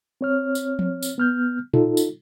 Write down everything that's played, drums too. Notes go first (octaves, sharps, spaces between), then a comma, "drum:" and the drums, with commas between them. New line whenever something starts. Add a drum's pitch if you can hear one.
C4 C#5 F6
drum: tambourine
drum: tom F3
drum: tambourine
B3 F6 G6
D#4 F4 A4, drum: tom A#2
drum: tambourine